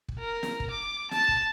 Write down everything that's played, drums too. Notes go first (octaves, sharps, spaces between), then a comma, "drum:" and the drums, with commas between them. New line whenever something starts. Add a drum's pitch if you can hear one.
drum: kick
A#4
drum: snare
drum: kick
D6
A5, drum: snare
drum: kick